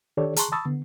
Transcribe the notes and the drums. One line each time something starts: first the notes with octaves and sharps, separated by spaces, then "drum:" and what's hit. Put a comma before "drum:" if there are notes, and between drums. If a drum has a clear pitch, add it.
D#3 D4 G4 A4 C#5 D5
G#4 A5 A#5 C6 C#6 F#6, drum: hi-hat
A5 B5 C#6 D#6 E6 A6
D3 B3